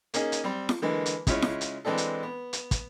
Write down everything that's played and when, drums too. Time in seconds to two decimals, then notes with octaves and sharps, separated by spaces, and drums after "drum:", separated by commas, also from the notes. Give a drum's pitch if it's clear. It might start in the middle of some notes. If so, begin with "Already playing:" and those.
0.14 A#3 C#4 D#4 G#4, drum: hi-hat
0.32 drum: hi-hat
0.44 G3 C4
0.69 drum: snare
0.82 D3 E3 G#3 A#3
1.06 drum: hi-hat
1.27 C#3 G#3 E4 F4 C#5, drum: kick, hi-hat
1.42 drum: snare
1.61 drum: hi-hat
1.85 E3 G#3 C4 D4 A4
1.98 drum: hi-hat
2.23 B3
2.53 drum: hi-hat
2.71 drum: kick, hi-hat